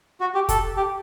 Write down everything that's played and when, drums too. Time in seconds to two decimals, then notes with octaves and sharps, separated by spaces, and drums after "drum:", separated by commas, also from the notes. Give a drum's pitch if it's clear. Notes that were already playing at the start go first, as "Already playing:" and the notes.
0.20 F#4
0.35 G4
0.49 A4, drum: kick, hi-hat
0.77 G4